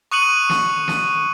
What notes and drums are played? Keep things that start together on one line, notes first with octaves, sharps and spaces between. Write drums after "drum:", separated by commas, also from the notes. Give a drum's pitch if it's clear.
C#6 D#6 F#6 C#7 D#7 F#7
drum: snare
drum: snare